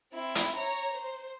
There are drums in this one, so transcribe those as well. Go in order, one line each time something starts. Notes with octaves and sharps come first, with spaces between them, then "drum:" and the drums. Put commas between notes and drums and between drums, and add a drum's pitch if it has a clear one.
C4 E4
drum: hi-hat
C#5 A#5
C5